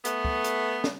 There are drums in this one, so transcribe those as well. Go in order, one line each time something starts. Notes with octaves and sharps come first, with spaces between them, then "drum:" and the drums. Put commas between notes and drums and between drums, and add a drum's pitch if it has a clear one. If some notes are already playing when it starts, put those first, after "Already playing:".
A3 B3, drum: hi-hat
drum: kick
drum: hi-hat
drum: snare